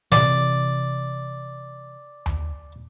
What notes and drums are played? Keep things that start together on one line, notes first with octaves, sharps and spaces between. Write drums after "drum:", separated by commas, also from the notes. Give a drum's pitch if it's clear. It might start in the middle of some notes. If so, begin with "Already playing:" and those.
C3 E3 D5, drum: snare
drum: tom D#2